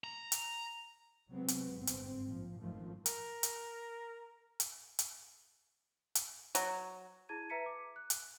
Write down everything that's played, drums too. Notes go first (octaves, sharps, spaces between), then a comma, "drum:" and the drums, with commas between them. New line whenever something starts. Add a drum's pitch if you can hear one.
A#5
drum: hi-hat
C3 F#3 G#3 B3 C4
drum: hi-hat
G1 G#2 C4
drum: hi-hat
A#1 F3
G#1 F#2 D#3 F3 A3
A#4, drum: hi-hat
drum: hi-hat
drum: hi-hat
drum: hi-hat
drum: hi-hat
F#3, drum: hi-hat
E4 G#4 A5 G#6 D#7
B4 E5 A#5 B6 C#7 D#7
D6
F#6
drum: hi-hat